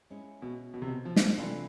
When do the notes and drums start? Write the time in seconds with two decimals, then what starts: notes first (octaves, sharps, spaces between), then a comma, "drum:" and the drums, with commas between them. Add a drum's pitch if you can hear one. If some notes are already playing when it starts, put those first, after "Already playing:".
0.10 G#3 C#4 E4
0.42 B2
0.74 B2
0.82 C3
0.88 B2
1.05 F3
1.16 drum: snare
1.38 C3 E3 A3 D4 F4